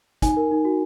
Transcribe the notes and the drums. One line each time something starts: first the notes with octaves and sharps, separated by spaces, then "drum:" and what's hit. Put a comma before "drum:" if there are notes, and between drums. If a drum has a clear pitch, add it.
D#4 G#5, drum: kick, hi-hat
A#4
D#4
F#4